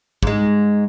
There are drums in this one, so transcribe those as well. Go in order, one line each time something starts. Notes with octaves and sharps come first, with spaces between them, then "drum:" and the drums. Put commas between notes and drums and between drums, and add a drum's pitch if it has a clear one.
G#2 G#3, drum: kick